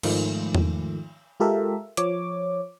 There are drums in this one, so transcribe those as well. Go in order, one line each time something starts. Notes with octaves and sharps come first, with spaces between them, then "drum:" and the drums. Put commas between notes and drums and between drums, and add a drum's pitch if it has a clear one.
G#2 D#3 F3 A3, drum: cymbal
drum: tom E2
G#3 F4 G4 A4 A#4 E5
F3 C#5 D6, drum: hi-hat